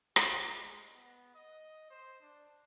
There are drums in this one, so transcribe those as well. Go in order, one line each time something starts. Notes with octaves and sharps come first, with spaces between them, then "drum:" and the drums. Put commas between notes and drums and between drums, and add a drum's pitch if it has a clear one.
G4, drum: rim click
G#3
B3
D#5
C5
D4